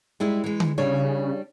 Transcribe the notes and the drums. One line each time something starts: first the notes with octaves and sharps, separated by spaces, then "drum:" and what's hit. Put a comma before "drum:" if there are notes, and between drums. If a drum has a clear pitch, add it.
G3 G#3 E4
E3 G#3
drum: tom D3
C#3 G3 D4 C#5